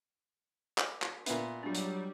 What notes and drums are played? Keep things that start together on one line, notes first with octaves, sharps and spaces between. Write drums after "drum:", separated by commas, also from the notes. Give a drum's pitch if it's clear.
drum: clap
drum: clap
A#2 B3 E5, drum: hi-hat
F#3 G3 D4 F4
drum: hi-hat